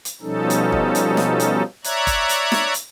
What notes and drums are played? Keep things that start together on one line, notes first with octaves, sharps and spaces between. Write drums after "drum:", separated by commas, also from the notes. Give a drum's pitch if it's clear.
drum: hi-hat
B2 F3 G3 C#4 D#4 A4
drum: hi-hat
drum: kick
drum: hi-hat
drum: snare
drum: hi-hat
C#5 D5 E5 A#5 F#6 G#6, drum: hi-hat
drum: kick, hi-hat
drum: hi-hat
drum: snare
drum: hi-hat